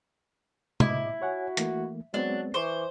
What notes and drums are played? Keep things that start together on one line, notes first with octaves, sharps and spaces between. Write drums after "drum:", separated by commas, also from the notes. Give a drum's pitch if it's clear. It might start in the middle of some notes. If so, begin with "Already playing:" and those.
A2 E4 D#5 D6, drum: tom
F#4 C#5 F#5 G#5
E3 A3 A#3, drum: hi-hat
F#3 G#3 B3 C4 D4
E3 C5 C#6 D6